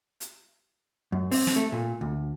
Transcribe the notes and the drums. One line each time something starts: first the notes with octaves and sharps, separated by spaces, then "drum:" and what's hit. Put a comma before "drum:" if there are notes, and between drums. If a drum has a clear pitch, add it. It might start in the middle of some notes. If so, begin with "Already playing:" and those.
drum: hi-hat
F#2
C4, drum: open hi-hat
drum: snare
A3
A#2
D2